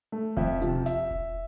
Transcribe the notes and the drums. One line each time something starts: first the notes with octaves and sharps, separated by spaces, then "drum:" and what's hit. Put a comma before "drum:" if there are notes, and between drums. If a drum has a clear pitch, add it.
A3
F2 E5, drum: kick E1
C3 F3, drum: hi-hat
E5, drum: snare F#1
drum: kick E1